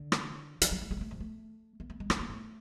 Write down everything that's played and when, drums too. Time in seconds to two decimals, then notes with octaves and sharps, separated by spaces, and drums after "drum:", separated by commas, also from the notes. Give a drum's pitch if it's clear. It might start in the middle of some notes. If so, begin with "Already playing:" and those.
Already playing: D3
0.12 drum: rim click
0.61 F3, drum: hi-hat
0.71 F#3
0.81 A3
0.91 G#3
0.97 A#3
1.01 A3
1.11 F3
1.20 A3
1.80 A#3
1.90 A3
2.00 G#3
2.10 A3, drum: rim click
2.20 A#3
2.30 A3